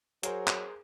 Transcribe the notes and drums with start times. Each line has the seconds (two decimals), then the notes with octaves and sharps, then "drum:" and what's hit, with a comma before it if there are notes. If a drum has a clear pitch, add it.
0.23 F#3 G#4 A#4 C5, drum: hi-hat
0.48 drum: clap